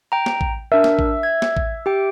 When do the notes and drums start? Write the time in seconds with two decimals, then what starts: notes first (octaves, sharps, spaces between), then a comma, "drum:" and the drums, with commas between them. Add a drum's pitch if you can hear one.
0.12 G5 A#5
0.26 drum: snare
0.41 drum: kick A1
0.72 D4 A#4 E5
0.84 drum: snare
0.99 drum: kick A1
1.23 G#6
1.42 drum: snare
1.57 drum: kick A1
1.86 G4 G5